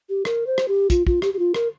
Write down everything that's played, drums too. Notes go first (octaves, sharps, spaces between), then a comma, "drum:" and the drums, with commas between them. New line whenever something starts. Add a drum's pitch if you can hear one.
G4
A#4, drum: rim click
C5
drum: rim click
G4
F4, drum: kick, hi-hat
F4, drum: kick
G4, drum: rim click
G4
F4
A#4, drum: rim click